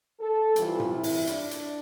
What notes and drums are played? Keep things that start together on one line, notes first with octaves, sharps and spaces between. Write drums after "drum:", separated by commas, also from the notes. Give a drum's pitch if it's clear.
A4
C3 E3 G3 F4, drum: hi-hat
drum: tom
E4
drum: open hi-hat
D4, drum: hi-hat
drum: hi-hat